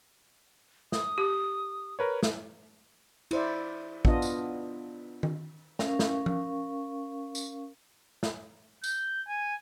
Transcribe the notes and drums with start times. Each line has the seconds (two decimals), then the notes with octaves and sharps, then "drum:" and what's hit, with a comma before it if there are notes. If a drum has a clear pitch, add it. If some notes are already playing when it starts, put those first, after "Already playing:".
0.92 D#6, drum: snare
1.18 G4
1.99 A#4 B4 C#5
2.23 drum: snare
3.31 E4 C5 D5, drum: cymbal
4.05 B3 D4 F4 D#5, drum: kick
4.22 drum: tambourine
5.23 drum: tom D#3
5.79 C#4 A#4 F5 C#6, drum: snare
5.99 drum: snare
6.26 drum: tom F3
7.35 drum: tambourine
8.23 drum: snare
8.84 G6, drum: tambourine
9.28 G#5